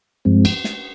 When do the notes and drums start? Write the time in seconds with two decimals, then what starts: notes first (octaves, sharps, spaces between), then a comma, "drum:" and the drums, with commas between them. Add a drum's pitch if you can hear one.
0.25 G2 F3 G#3 C4
0.45 drum: cymbal
0.64 drum: snare